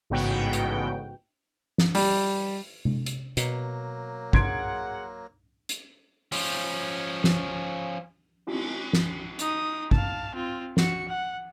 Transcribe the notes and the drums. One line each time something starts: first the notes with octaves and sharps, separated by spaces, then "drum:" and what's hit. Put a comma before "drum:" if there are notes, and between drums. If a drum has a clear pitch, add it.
A1 G#2 C#3 B3 F#4 G5
drum: hi-hat
drum: snare
G3, drum: open hi-hat
drum: tom C3
drum: hi-hat
B2 F#3 A#3, drum: hi-hat
G#4 F#5 C6 G#6 D7, drum: kick
drum: hi-hat
F3 C#4, drum: open hi-hat
drum: snare
drum: cymbal
drum: snare
D#4 D#6, drum: hi-hat
F5 A5, drum: kick
C4 F4
F#4 C#7, drum: snare
F#5